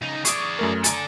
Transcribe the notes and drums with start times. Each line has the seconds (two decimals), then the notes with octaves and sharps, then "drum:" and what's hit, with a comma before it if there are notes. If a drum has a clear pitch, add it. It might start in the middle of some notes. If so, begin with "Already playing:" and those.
0.02 C#3 D#4
0.25 G#4 D5 C#6 D#6, drum: hi-hat
0.59 F#2 A3 A#4
0.84 A4 D5 G#5 A#5, drum: hi-hat